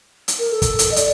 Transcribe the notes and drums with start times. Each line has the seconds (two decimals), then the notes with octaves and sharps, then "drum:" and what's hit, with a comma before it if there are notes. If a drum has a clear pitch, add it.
0.28 drum: hi-hat
0.39 A#4
0.51 A4
0.62 drum: kick, hi-hat
0.79 drum: hi-hat
0.91 D#5
0.96 D5, drum: hi-hat